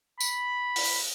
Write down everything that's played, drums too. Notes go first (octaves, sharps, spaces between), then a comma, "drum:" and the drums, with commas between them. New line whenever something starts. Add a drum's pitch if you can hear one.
B5, drum: tambourine
drum: open hi-hat